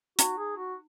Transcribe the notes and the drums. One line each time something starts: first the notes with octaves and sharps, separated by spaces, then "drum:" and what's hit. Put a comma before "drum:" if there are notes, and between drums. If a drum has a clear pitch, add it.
D#4 F#4, drum: hi-hat
G#4
F#4